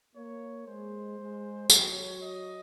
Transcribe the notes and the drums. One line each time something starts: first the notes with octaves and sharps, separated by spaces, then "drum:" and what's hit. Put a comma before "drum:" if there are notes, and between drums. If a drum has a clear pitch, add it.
A#3 C#5
G#3 C5
G#3
F#3 C#5, drum: tambourine
D#5